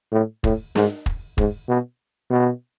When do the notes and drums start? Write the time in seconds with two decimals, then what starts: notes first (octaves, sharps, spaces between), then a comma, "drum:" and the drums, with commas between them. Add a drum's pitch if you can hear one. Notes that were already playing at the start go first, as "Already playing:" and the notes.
0.12 A2
0.44 A2, drum: kick
0.75 G#2, drum: snare
1.06 drum: kick
1.38 G#2, drum: kick
1.68 B2
2.31 B2